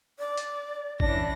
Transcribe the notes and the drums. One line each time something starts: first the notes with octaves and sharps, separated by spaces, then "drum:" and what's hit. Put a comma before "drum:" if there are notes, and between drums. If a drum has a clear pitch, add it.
D5
drum: hi-hat
E3 C#4 D4 A#6, drum: kick G#1